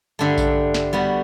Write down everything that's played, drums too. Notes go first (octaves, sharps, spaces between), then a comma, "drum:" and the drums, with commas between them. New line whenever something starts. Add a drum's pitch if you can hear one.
G2 D3 A3
drum: kick A#1, tambourine
drum: snare
G3 B3 F#4